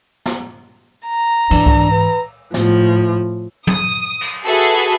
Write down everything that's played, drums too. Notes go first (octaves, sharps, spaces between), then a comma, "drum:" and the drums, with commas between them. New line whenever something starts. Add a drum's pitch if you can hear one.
drum: snare
A#5
G#2 E3 D4, drum: cymbal
drum: kick C2
B4
A2 F3, drum: snare
D#6, drum: tom
drum: cymbal
F#4 G#4 A4 B4 E5